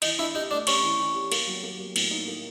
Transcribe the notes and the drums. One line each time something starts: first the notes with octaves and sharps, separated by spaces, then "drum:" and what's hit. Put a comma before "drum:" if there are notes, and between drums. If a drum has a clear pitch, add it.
E3 D#4, drum: cymbal
D4 E4
D#4 G4
A3 D4
C#4 G4, drum: cymbal
E3
E3
G4
A#3, drum: cymbal
F#3
A#3
F#3
A2, drum: cymbal
D#4
A#3